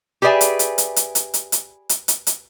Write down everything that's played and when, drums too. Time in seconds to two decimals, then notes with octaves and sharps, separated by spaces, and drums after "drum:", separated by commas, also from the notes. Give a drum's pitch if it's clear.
0.22 G4 G#4 B4 D5 E5 G#5
0.41 drum: hi-hat
0.59 drum: hi-hat
0.78 drum: hi-hat
0.96 drum: hi-hat
1.15 drum: hi-hat
1.34 drum: hi-hat
1.52 drum: hi-hat
1.89 drum: hi-hat
2.08 drum: hi-hat
2.27 drum: hi-hat